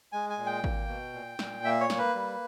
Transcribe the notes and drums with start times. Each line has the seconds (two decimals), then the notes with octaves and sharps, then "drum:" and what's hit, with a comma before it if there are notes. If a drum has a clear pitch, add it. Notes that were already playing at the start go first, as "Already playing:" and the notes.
0.12 G#3 G#5
0.30 G#5
0.38 A#2
0.46 G5
0.64 A#3, drum: kick G#1
0.88 B2
1.14 A#2
1.39 A#2, drum: snare
1.64 A#3 E5
1.80 C#5
1.90 A#3, drum: snare
1.98 B4
2.15 G3